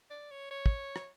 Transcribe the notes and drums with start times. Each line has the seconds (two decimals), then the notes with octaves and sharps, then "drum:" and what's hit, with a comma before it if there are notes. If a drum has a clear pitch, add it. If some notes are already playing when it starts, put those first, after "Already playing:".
0.10 D5
0.31 C#5
0.51 C#5
0.66 drum: kick
0.96 drum: rim click